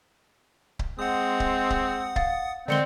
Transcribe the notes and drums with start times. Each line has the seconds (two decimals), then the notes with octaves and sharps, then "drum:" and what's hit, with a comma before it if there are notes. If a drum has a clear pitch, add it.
0.79 drum: kick C#1
0.99 G#3 C4 F#5 D#6
1.40 drum: kick C#1
1.70 drum: kick C#1
2.16 F5 A6, drum: kick C#1
2.68 D3 D#3 G#3 C4 D5 C#7 G7